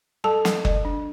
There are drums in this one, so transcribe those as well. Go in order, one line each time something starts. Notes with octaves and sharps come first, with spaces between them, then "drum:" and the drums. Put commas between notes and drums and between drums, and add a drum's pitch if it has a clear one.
G3 A4 A5
G3, drum: snare
G3, drum: kick F#1
D4